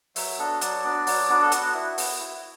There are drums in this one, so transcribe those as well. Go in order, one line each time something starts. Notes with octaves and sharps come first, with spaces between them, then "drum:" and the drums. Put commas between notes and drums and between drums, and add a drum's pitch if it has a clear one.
F#3 E5, drum: open hi-hat
B3 D4 F#4 A4
F#3 D5, drum: hi-hat
B3 D4 F#4
F#3, drum: open hi-hat
B3 D4 F#4
A4
B3 F#4, drum: hi-hat
E4
B3, drum: open hi-hat
E4